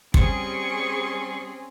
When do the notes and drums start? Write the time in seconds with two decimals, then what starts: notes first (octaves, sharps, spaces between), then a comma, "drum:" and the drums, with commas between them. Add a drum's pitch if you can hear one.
0.14 G3 C4 C#4 G#4 C#6, drum: kick